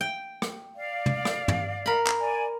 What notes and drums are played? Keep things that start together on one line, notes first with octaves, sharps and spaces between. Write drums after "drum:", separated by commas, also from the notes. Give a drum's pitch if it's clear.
G5
drum: rim click
D5 F5
drum: tom
drum: rim click
drum: tom
A#4 B5
drum: clap
D5 G#5